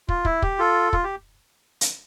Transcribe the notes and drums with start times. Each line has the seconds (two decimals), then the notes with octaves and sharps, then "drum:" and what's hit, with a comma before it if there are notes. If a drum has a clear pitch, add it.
0.09 F4, drum: kick
0.25 E4, drum: kick
0.42 G4, drum: kick
0.59 F4 A4
0.93 F4, drum: kick
1.04 G4
1.81 drum: hi-hat